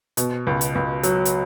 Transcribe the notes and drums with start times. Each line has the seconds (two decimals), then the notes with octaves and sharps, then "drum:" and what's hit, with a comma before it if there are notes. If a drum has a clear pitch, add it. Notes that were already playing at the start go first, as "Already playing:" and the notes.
0.17 B2, drum: hi-hat
0.47 C#2
0.61 drum: hi-hat
0.75 C#2
1.03 F#3, drum: hi-hat
1.25 drum: hi-hat